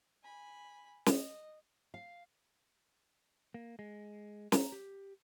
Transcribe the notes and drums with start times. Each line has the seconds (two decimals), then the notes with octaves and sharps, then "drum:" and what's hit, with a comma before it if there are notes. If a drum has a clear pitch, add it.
0.23 G#5 B5
1.06 D#5, drum: snare
1.94 F5
3.54 A#3
3.79 G#3
4.52 A#5, drum: snare
4.72 G4